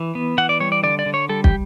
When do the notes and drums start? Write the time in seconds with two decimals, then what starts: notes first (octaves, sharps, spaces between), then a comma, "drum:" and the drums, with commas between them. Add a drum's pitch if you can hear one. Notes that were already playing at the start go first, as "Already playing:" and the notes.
Already playing: E3
0.15 B3
0.38 E3 F#5
0.49 D5
0.60 G3 C#5
0.72 D5
0.83 D3 D5
0.99 D5
1.06 D3
1.14 C#5
1.29 G3 A4
1.44 G4, drum: kick